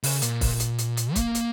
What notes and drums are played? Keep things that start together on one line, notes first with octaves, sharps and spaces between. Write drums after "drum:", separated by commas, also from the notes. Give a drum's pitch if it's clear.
C#3, drum: open hi-hat
A#2, drum: hi-hat
drum: kick, open hi-hat
drum: hi-hat
drum: hi-hat
drum: hi-hat
A#3, drum: kick, hi-hat
drum: hi-hat